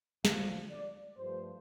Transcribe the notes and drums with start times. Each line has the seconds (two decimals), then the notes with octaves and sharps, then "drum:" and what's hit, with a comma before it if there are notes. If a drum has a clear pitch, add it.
0.25 D2 D3 F3 A3 F5, drum: snare
0.71 D5
1.17 G2 F3 A3 C5